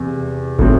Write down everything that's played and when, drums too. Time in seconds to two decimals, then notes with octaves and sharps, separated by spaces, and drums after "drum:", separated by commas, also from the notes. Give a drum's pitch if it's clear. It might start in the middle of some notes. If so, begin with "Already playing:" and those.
Already playing: E2 C3
0.59 A2 F#3 C4, drum: kick